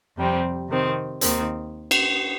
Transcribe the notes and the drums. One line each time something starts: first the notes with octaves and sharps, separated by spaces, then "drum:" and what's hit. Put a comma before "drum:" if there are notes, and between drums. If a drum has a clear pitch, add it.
F2 C3 G3 C4
C3 D#3 C4
D#2 D#3 C4, drum: hi-hat
drum: cymbal